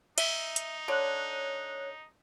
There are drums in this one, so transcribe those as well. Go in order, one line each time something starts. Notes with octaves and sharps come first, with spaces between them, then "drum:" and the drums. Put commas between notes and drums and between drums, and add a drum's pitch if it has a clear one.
D#4 E5, drum: cymbal
drum: hi-hat
D3 C#5 F#6